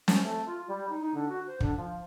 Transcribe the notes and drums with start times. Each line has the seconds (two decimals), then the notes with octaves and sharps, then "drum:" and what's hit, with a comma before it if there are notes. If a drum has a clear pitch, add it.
0.08 C#4, drum: snare
0.23 A3
0.46 F4
0.68 G3
0.89 D#4
1.02 D#4
1.14 D3
1.29 F#4
1.47 C5
1.60 D3, drum: kick
1.77 F3